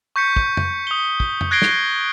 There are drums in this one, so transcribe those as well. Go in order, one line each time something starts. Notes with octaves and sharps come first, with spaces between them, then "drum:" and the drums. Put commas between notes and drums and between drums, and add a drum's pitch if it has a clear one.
C#6 G6 B6 C#7
drum: kick
drum: tom
D#6 G7
drum: kick
drum: tom
F#6 G#6 A#6 C7 D7 G7
drum: snare